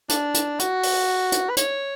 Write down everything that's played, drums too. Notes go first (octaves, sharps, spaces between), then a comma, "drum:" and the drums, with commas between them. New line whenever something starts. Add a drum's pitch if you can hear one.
D4, drum: hi-hat
drum: hi-hat
F#4, drum: hi-hat
drum: open hi-hat
drum: hi-hat
B4
C#5, drum: hi-hat